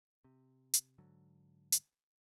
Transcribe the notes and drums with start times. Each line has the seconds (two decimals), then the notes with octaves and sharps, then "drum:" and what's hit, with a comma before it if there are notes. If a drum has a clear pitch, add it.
0.24 C3
0.74 drum: hi-hat
0.98 G#2 D3 F#3
1.72 drum: hi-hat